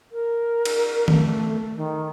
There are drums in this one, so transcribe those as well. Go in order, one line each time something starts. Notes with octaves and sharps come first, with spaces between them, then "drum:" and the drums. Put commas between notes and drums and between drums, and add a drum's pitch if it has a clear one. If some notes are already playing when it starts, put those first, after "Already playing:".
A#4
drum: cymbal
A3, drum: tom D#3
D#3